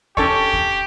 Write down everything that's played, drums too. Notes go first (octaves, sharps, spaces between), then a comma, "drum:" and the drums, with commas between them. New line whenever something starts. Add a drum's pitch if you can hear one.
C#4 G4 A4 C#5, drum: kick
drum: kick